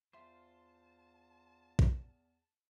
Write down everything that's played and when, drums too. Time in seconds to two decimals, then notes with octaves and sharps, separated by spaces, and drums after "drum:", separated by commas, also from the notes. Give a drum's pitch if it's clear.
0.13 E2 F4 C5 E5 A5 C6
1.79 drum: kick